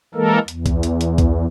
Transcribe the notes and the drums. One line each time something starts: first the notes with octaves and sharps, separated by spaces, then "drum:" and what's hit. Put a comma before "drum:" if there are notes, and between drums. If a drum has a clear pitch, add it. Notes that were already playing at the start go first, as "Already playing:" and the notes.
E3 G#3 A#3 A4 A#4
E2, drum: hi-hat
drum: kick C2, hi-hat
drum: hi-hat
drum: hi-hat
drum: kick C2, hi-hat